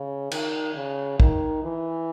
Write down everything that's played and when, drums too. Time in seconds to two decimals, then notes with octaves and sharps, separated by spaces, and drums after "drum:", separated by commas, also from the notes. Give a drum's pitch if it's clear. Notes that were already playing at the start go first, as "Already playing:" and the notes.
Already playing: C#3
0.31 D#3, drum: cymbal
0.75 C#3
1.20 D#3, drum: kick
1.64 E3